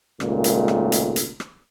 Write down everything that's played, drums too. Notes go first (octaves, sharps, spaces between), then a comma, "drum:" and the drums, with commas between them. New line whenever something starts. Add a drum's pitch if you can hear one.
G#1 C#2 A#2 A3, drum: rim click
drum: hi-hat
drum: rim click
drum: hi-hat
drum: hi-hat
drum: rim click